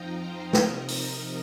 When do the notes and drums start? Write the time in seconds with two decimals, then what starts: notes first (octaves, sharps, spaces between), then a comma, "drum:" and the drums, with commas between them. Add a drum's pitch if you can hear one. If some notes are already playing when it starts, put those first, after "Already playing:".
Already playing: F2 F3 D#4 D#5 F5 G5 A#5
0.21 C5
0.53 C3 F3 D#4 A#4 D#5, drum: snare
0.88 drum: open hi-hat